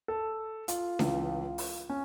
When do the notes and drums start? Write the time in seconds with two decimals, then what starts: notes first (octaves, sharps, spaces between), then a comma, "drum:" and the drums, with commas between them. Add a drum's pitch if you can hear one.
0.08 A4
0.68 F4, drum: hi-hat
0.99 C#2 C#3 E3, drum: snare D4
1.58 drum: open hi-hat
1.90 C#4